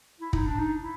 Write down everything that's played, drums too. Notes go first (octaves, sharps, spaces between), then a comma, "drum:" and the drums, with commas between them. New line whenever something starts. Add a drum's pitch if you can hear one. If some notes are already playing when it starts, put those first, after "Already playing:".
E4
D#4, drum: kick
D4
D#4
E4